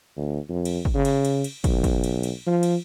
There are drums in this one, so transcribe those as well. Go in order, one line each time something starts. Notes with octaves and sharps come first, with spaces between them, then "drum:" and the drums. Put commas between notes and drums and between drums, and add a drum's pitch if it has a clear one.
D2
F2
drum: cymbal
drum: kick
C#3
drum: cymbal
drum: cymbal
drum: cymbal
B1, drum: kick, cymbal
drum: kick, cymbal
drum: cymbal
drum: cymbal
F3
drum: cymbal